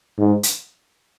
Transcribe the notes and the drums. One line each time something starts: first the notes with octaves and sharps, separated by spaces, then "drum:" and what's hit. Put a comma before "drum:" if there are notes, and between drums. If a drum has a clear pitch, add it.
G#2
drum: hi-hat